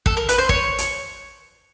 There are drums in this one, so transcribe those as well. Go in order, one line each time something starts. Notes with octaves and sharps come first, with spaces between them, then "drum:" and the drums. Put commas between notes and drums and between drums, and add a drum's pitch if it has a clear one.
A4, drum: kick
A#4
B4, drum: hi-hat
C5
C#5, drum: kick
drum: hi-hat